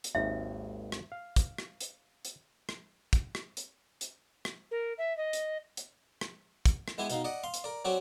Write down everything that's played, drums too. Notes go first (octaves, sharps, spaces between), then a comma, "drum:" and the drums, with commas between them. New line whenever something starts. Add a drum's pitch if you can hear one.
drum: hi-hat
G#1 D#2 E5
drum: rim click
F5
drum: kick, hi-hat
drum: rim click
drum: hi-hat
drum: hi-hat
drum: rim click
drum: kick, hi-hat
drum: rim click
drum: hi-hat
drum: hi-hat
drum: rim click
A#4
E5
D#5
drum: hi-hat
drum: hi-hat
drum: rim click
drum: kick, hi-hat
drum: rim click
G#3 B3 E4 G4 G#5
B2 D#4 F5, drum: hi-hat
D5 D#5 F#5
F5 C6
drum: hi-hat
A#4 D5
F#3 C4 C#4 F#4 G4 D5